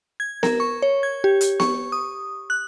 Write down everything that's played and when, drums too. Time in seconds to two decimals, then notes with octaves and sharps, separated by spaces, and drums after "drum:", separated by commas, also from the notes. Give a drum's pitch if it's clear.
0.20 G#6
0.43 A#4, drum: snare B3
0.60 C#6
0.82 C#5
1.03 G#6
1.24 G4
1.41 drum: hi-hat
1.60 C#6, drum: snare B3
1.92 D#6
2.50 F#6